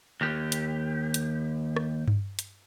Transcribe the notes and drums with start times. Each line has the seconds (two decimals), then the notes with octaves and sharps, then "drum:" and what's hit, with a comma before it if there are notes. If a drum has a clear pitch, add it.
0.21 D#2 G4
0.52 drum: hi-hat
1.14 drum: hi-hat
1.76 drum: rim click
2.08 drum: tom G2
2.39 drum: hi-hat